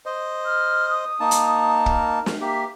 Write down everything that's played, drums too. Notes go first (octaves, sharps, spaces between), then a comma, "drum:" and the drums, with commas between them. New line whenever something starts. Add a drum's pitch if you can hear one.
C5 D#5
F6
D#6
A#3 D#4 A5
drum: hi-hat
A#4, drum: kick
drum: snare
A#3 G4 E5